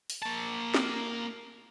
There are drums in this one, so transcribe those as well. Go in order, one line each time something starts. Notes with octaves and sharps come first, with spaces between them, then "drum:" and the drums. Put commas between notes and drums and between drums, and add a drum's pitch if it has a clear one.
drum: open hi-hat
A#3 A5
drum: snare